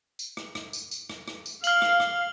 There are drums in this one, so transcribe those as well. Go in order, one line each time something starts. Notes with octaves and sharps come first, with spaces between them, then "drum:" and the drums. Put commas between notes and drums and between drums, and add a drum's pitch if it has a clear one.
drum: tambourine
drum: rim click
drum: rim click
drum: tambourine
drum: tambourine
drum: rim click
drum: rim click
drum: tambourine
F5 F6 F#7, drum: tambourine
drum: rim click
drum: rim click